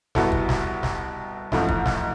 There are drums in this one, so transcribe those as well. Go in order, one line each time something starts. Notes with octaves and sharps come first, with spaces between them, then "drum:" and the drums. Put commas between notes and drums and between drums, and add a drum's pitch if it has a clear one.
C2 B2 B3 E4 A4, drum: snare
drum: kick
drum: snare
drum: snare
A1 G#2 F3 A3 E4, drum: snare
drum: kick
drum: snare